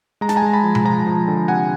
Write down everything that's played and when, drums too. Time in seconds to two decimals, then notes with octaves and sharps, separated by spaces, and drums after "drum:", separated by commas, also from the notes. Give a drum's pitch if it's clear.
0.21 G#3 A#5
0.29 A5, drum: snare
0.36 G#5 A#5
0.42 G#3
0.53 A5 B5
0.64 F3
0.75 drum: tom B2
0.85 F3 G#5 A#5
1.06 F3
1.28 D3
1.48 C3 F#5 G#5